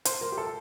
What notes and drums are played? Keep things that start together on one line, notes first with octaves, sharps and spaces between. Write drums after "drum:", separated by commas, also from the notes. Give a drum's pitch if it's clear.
C5, drum: hi-hat
A#4
G4
A4